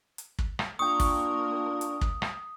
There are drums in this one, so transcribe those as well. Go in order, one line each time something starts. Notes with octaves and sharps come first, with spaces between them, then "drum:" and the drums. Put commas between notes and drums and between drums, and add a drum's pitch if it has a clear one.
drum: hi-hat
drum: kick
drum: rim click
A#3 D4 F4 A#4 G5 C#6 D#6
drum: kick, open hi-hat
drum: hi-hat
drum: kick
drum: rim click